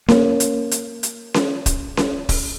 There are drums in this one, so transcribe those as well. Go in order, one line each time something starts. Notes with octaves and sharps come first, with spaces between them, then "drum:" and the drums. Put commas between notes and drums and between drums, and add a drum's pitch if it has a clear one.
A#3 C#4, drum: snare C#4
drum: hi-hat
drum: hi-hat
drum: hi-hat
drum: snare C#4
drum: kick, hi-hat
drum: snare C#4
drum: kick, open hi-hat